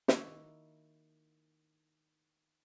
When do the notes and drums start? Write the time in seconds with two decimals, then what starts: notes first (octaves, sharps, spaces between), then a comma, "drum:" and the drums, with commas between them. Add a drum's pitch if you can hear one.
0.08 D#3 A#3 D#4 E4 F#4, drum: snare